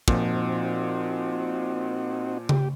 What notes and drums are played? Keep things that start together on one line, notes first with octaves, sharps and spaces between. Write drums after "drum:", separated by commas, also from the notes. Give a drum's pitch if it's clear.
A#2 F3 C4 D#4 F#4, drum: kick
G4, drum: tom C#3